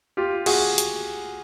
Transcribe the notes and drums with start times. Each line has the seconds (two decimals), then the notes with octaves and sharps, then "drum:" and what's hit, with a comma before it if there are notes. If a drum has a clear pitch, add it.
0.17 F4 G4
0.46 F#4 G#4, drum: cymbal
0.78 drum: hi-hat